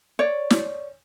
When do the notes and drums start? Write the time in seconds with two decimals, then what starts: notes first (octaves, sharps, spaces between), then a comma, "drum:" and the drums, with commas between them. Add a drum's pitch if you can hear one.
0.19 C#5 D5
0.50 drum: snare